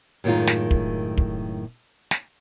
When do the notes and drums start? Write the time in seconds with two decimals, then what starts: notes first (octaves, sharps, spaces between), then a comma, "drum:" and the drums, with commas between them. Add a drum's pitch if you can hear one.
0.24 F#2 A2 D#3 G#3 F4
0.47 drum: snare
0.71 drum: kick
1.18 drum: kick
2.11 drum: snare